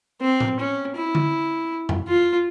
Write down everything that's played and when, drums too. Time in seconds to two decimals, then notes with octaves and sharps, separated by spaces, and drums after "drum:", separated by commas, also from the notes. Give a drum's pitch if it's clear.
0.22 C4
0.40 drum: tom A2
0.60 C#4
0.96 E4
1.15 drum: tom D3
1.89 drum: tom F2
2.08 F4